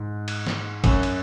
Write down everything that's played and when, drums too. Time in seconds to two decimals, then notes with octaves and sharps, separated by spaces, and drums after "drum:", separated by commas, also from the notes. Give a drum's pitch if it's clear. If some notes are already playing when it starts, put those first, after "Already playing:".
Already playing: G#2
0.28 drum: cymbal
0.47 drum: snare
0.84 F#2, drum: kick, cymbal
1.03 drum: cymbal